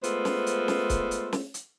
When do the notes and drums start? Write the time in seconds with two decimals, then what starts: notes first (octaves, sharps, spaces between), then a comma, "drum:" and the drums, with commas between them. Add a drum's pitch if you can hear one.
0.04 G#3 A3 B3 F4 C5, drum: hi-hat
0.25 drum: snare
0.47 drum: hi-hat
0.68 drum: snare
0.90 drum: kick C#1, hi-hat
1.11 drum: hi-hat
1.33 drum: snare
1.54 drum: hi-hat